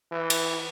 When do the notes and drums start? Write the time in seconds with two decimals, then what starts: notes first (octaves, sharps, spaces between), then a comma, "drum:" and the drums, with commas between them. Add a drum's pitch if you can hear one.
0.11 E3
0.30 drum: cymbal